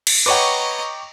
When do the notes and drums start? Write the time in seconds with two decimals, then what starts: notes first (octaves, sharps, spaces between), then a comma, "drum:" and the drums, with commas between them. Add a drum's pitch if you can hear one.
0.07 drum: cymbal
0.26 B4 C#5 D#5 F#5 G5 A#5 C#6 D6